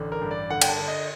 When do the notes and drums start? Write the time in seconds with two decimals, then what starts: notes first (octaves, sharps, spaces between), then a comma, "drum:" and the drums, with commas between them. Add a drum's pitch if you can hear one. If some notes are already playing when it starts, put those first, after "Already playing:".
Already playing: A1 D3
0.12 A#4
0.22 G2
0.31 D5
0.50 D3 F#5
0.62 G5, drum: cymbal
0.69 A5
0.79 D3
0.88 D#5